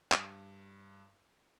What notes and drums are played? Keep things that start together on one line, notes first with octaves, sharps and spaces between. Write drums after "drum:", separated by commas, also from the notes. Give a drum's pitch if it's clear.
G2, drum: clap